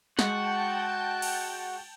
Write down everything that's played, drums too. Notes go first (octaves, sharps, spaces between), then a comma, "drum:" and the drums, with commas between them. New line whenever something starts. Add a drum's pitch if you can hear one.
G#3 F#4 F#5 G5 A5 G6, drum: snare
drum: cymbal